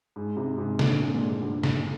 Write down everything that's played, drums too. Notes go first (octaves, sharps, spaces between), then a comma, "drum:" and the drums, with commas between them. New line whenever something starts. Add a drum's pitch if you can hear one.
G#2
G#2 C3
G#2 C3
A#2 D3, drum: snare
C3
A#2
G#2
G2 A#2
drum: snare